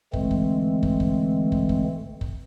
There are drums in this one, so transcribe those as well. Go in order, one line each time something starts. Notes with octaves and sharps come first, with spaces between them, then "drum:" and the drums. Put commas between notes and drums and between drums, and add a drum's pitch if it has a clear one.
D3 E3 G#3 A3 C4, drum: kick
drum: kick
drum: kick
drum: kick
drum: kick
drum: kick
drum: kick